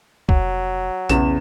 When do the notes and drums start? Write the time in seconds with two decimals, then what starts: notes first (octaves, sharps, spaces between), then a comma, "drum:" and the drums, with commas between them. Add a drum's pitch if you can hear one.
0.29 F1 F#3, drum: kick C2
1.09 B1 E2 C#3 E7, drum: hi-hat